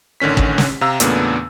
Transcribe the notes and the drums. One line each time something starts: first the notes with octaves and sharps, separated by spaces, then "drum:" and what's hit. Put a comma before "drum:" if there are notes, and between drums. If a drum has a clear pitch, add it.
A1 D3 D#3 C#4 B6
drum: kick
drum: snare
C3 F5 A#5 E6
E2 A#2 C#3 A3 B3 D4, drum: hi-hat